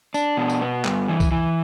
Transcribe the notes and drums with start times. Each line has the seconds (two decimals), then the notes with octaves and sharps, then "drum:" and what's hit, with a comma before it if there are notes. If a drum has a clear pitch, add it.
0.14 D4, drum: tambourine
0.37 B2
0.50 drum: tambourine
0.62 B3
0.85 G2, drum: clap
1.08 E3
1.20 drum: kick, tambourine
1.32 E3